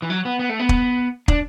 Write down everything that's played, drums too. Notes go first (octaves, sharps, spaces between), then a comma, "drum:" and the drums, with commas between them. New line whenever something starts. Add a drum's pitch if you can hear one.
E3
F#3
B3
B3
A3
B3
drum: kick
D4, drum: kick